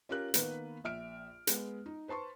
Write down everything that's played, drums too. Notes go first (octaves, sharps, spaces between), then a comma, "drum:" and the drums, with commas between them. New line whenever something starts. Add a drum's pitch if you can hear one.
C#4 F4 G4 A#4 F#6
D#3 A#3 B3 B4, drum: hi-hat
A#1 E5 F6 D7
G#3 B3, drum: hi-hat
D#4
B4 C5 A5 C6 C#6